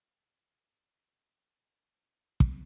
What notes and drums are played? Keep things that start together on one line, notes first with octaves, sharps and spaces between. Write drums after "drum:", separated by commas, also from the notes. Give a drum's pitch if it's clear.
C#3 D4 C#5
drum: kick